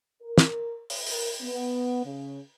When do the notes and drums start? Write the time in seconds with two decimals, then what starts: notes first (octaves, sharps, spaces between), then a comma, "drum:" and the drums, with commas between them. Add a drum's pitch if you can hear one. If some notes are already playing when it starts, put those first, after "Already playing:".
0.22 A#4
0.38 drum: snare
0.90 drum: open hi-hat
1.07 A#4, drum: open hi-hat
1.42 B3
2.04 C#3